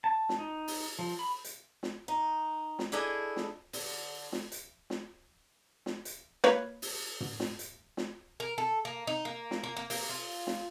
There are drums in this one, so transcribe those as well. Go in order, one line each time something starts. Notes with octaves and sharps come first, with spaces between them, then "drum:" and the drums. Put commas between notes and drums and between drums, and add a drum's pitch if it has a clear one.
A5
drum: snare
D#4
drum: open hi-hat
F3
B5
drum: hi-hat
drum: snare
D#4
drum: snare
D4 E4 G#4 A4 D#5
drum: snare
D3, drum: open hi-hat
drum: snare
drum: hi-hat
drum: snare
drum: snare
drum: hi-hat
A#3 B4 C#5 F5, drum: snare
drum: open hi-hat
drum: tom
drum: snare
drum: hi-hat
drum: snare
A#4
A4
A#3
D#4
A#3
drum: snare
A#3
A#3
A#3, drum: open hi-hat
F4
drum: snare